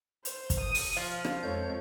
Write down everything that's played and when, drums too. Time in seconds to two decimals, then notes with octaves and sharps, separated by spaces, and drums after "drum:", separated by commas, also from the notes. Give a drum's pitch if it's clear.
0.25 C5, drum: hi-hat
0.50 drum: kick, hi-hat
0.60 D#6
0.75 drum: open hi-hat
0.97 F3 F4
1.25 drum: rim click
1.43 F2 G#3 A4 C#5 G6